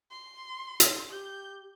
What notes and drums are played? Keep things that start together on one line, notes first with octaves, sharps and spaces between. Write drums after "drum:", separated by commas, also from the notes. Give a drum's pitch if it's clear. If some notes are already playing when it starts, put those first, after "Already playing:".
C6
drum: hi-hat
G4 G6